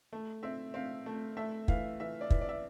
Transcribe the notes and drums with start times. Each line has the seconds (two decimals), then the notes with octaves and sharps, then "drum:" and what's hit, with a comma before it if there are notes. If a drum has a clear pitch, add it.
0.13 A3
0.43 C4 E5
0.74 C4 F5
1.06 A3
1.37 A3 E5
1.68 E3 F5, drum: kick
2.00 E3 E5
2.21 D5
2.30 E3, drum: kick
2.41 D5
2.49 E5